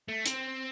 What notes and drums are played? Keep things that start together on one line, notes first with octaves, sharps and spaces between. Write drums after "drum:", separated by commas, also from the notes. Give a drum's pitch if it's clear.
A3
C4, drum: hi-hat